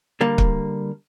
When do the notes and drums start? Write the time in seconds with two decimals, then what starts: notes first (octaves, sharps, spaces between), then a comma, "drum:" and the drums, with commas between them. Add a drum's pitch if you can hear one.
0.21 D3 G3 A#3
0.38 drum: kick